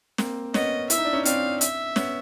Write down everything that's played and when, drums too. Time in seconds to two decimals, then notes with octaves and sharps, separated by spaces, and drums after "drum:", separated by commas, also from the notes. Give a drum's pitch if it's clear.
0.18 A#3 C4, drum: snare
0.54 B3 C#4 D#5, drum: snare
0.90 E4 E5, drum: hi-hat
0.98 D#4
1.05 D4
1.13 C#4 D#4
1.25 C4 D4 F5, drum: hi-hat
1.61 E5, drum: hi-hat
1.96 B3 C#4, drum: snare